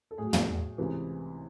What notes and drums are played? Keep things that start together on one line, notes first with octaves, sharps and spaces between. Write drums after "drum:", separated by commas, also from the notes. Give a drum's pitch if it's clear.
A4
A2 F#3 G#4
drum: tom
C#2 C3 E3